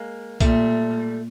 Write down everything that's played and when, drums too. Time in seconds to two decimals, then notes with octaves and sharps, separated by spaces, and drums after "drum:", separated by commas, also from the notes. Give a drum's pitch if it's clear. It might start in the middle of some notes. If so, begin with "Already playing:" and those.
Already playing: G#3 A#3
0.40 A#2 G3 A3, drum: kick, hi-hat